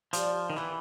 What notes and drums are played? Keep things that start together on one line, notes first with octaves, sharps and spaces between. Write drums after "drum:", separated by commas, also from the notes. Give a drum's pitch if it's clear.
F3 G3, drum: hi-hat
D#3
E3 B3 E4 G4